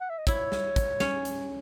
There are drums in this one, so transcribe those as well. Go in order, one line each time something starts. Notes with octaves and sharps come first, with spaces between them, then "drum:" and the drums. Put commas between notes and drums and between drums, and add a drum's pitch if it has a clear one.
F#5
E5
D#5
E4 C#5, drum: kick, hi-hat
drum: snare
drum: kick, hi-hat
C#4, drum: snare
drum: hi-hat